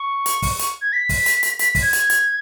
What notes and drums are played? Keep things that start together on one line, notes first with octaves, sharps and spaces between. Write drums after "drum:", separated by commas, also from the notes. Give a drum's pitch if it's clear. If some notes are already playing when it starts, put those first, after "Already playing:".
Already playing: C#6
drum: hi-hat
drum: kick, open hi-hat
C#6, drum: hi-hat
G#6
B6
drum: kick, open hi-hat
drum: hi-hat
drum: hi-hat
B6, drum: hi-hat
B6, drum: kick, open hi-hat
G#6
drum: hi-hat
drum: hi-hat